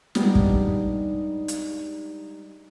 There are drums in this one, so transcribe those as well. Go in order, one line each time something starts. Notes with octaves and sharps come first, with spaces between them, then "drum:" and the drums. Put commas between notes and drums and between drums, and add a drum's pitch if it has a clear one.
G3 G#3 B3 D4 D#4 G4, drum: snare
drum: kick
drum: hi-hat